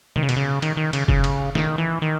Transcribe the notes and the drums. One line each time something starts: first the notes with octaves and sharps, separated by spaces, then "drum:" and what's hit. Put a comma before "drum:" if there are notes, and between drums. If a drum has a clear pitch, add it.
D#3, drum: tom C3
C#3
B2, drum: cymbal
C#3
D#3, drum: cymbal
D#3
C#3, drum: cymbal
C#3, drum: kick F#1
drum: cymbal
D#3, drum: snare
E3
D#3